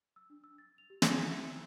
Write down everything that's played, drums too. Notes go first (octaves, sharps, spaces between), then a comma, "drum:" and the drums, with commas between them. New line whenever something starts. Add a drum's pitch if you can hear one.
E6
D4
E6
A6
F7
G4
G#5, drum: snare
G#4
E5
E6